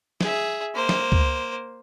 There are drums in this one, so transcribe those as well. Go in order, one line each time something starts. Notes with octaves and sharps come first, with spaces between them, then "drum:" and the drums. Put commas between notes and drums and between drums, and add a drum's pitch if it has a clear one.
G#4 E5, drum: snare
A#3 C5
drum: snare
drum: kick